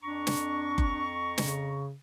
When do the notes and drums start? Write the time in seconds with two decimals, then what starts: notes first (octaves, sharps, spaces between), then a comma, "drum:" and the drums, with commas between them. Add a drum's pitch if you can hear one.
0.03 F2 D4 A#5 C#6
0.27 drum: snare
0.78 drum: kick F#1
1.38 C#3, drum: snare